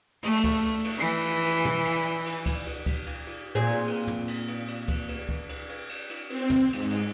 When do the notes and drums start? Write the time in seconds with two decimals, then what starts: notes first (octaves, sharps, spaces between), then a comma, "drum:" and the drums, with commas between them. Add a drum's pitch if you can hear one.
0.23 A3, drum: cymbal
0.44 drum: kick C#2, cymbal
0.84 drum: cymbal
0.98 E3
1.25 drum: cymbal
1.45 drum: cymbal
1.65 drum: tom
1.85 drum: cymbal
2.26 drum: cymbal
2.46 drum: kick C#2, cymbal
2.66 drum: cymbal
2.86 drum: kick C#2, cymbal
3.07 drum: cymbal
3.27 drum: cymbal
3.55 A#2 C4 G#4
3.67 drum: cymbal
3.87 drum: cymbal
4.08 drum: tom
4.28 drum: cymbal
4.48 drum: cymbal
4.68 drum: cymbal
4.88 drum: kick C#2, cymbal
5.09 drum: cymbal
5.29 drum: kick C#2
5.49 drum: cymbal
5.69 drum: cymbal
5.89 drum: cymbal
6.10 drum: cymbal
6.30 C4, drum: cymbal
6.50 drum: tom
6.73 G#2, drum: cymbal
6.90 drum: cymbal